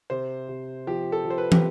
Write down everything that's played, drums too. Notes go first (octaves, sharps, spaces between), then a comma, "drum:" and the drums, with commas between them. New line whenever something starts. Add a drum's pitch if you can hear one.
C3 C5
C3
F3 G4
A4
F3
C5
B4
G4, drum: tom